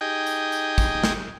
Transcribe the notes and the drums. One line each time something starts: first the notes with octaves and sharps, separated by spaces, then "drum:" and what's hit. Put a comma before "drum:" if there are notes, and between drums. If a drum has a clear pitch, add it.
D#4 G4 G#4 D#5 G5
drum: tambourine
drum: tambourine
drum: kick, tambourine
drum: snare